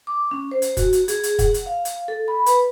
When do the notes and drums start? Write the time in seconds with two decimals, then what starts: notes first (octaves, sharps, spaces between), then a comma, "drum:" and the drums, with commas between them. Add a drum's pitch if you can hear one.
0.07 D6
0.31 C#4
0.51 C5
0.62 drum: hi-hat
0.77 F#4, drum: kick, hi-hat
0.93 drum: hi-hat
1.08 G#4, drum: hi-hat
1.23 drum: hi-hat
1.39 F#5, drum: kick, hi-hat
1.54 drum: hi-hat
1.66 F5
1.85 drum: hi-hat
2.08 A4
2.28 B5
2.46 B4, drum: hi-hat